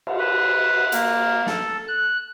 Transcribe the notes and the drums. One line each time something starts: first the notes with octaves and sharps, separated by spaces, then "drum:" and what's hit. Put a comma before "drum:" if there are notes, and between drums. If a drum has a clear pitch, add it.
drum: cymbal
B4
A#3, drum: hi-hat
A4, drum: snare
F#6